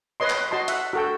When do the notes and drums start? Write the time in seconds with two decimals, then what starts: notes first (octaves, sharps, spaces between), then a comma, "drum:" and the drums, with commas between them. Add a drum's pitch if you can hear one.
0.20 B4 C#5 D#5 C6
0.30 drum: clap
0.51 F#4 D#5 A5 C6
0.68 E5 F#5, drum: hi-hat
0.93 F#4 A4 G5